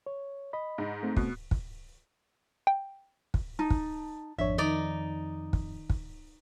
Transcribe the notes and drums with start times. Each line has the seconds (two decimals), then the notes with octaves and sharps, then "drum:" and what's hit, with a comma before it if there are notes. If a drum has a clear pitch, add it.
0.06 C#5
0.53 D#5 B5
0.78 G#2
1.03 A3 C4
1.16 B2, drum: kick
1.51 drum: kick
2.67 G5
3.34 drum: kick
3.59 D#4 A5
3.70 drum: kick
4.38 G#1 F2 D4 C#5 E5
4.58 D#3 D#4 D5
5.53 drum: kick
5.90 drum: kick